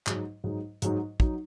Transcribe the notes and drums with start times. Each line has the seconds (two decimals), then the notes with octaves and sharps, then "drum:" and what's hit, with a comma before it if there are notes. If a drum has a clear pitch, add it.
0.07 G#2 F#3 D#4, drum: clap
0.44 G#2 F#3 D#4
0.82 G#2 F#3 D#4, drum: hi-hat
1.20 F#3 D#4, drum: kick